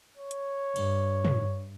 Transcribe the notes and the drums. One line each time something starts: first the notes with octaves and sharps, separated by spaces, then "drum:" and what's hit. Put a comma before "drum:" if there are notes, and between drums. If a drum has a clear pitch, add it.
C#5
drum: hi-hat
G2, drum: cymbal
drum: tom